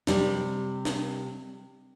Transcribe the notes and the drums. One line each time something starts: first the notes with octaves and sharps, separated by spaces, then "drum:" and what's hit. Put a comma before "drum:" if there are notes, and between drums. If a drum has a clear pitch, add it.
C3 G3, drum: snare
drum: snare